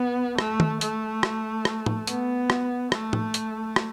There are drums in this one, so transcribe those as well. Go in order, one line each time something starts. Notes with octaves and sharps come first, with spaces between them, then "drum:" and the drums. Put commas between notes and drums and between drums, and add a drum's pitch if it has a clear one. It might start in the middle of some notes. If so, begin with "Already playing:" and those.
Already playing: B3
A3, drum: rim click
drum: tom
A3, drum: hi-hat
drum: rim click
drum: rim click
drum: tom
B3, drum: hi-hat
drum: rim click
A3, drum: rim click
drum: tom
drum: hi-hat
drum: rim click